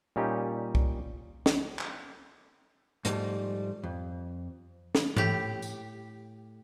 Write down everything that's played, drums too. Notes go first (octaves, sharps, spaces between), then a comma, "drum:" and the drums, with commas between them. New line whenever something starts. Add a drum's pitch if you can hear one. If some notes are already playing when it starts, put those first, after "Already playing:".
A#2 G3 C#4 D#4 G4
drum: kick C2
drum: snare
drum: clap
G#2 F3 G3 A3, drum: hi-hat
F2
drum: snare
A2 G4, drum: tom G#2
drum: tambourine